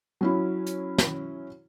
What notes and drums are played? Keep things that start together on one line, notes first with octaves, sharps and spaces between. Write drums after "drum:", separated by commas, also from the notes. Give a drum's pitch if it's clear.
F#3 C#4 E4
drum: hi-hat
drum: snare